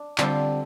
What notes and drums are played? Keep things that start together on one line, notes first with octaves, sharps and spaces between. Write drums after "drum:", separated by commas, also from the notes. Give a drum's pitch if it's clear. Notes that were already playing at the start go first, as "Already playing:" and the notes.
Already playing: D4
D3 G3 C4 F4, drum: clap